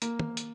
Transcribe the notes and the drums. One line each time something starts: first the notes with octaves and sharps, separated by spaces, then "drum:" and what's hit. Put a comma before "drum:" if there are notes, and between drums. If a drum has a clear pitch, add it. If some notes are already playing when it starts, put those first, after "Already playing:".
A#3, drum: hi-hat
drum: tom
drum: hi-hat